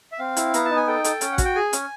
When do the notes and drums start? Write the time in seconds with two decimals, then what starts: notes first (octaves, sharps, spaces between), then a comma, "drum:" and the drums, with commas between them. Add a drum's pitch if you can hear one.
0.12 E5
0.19 C4 F5
0.37 E4, drum: hi-hat
0.54 B3 A#5, drum: hi-hat
0.65 D#4 A5
0.76 G#5
0.87 A4 G5
1.04 A4, drum: hi-hat
1.21 C#4, drum: hi-hat
1.32 F#5
1.38 F#4, drum: kick, hi-hat
1.45 G5
1.55 G#4 G#5
1.73 C#4, drum: hi-hat